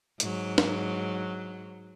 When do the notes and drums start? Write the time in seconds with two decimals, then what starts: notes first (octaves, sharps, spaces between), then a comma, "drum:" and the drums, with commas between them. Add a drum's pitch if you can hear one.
0.20 G#2 F#3, drum: hi-hat
0.58 drum: snare